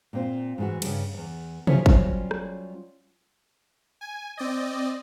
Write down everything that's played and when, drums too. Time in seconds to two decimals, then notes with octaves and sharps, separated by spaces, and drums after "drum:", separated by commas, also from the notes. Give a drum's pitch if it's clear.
0.13 A#2 C4 F4
0.58 G#2 E3 F#4
0.82 G2 C#3, drum: cymbal
1.14 E2 G2
1.67 F3 C#4 E4 F4 C5 C#5, drum: tom
1.86 F#3 G3 C#4 F4 F#4 C5, drum: kick
2.31 drum: rim click
4.01 G#5
4.37 C4 D5 D#5